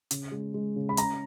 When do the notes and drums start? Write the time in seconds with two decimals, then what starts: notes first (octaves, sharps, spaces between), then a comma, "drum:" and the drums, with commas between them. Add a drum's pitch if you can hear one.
0.11 C#3, drum: hi-hat
0.32 G#3
0.54 G#3
0.76 C#3
0.89 B5
0.97 C#4 A#5, drum: hi-hat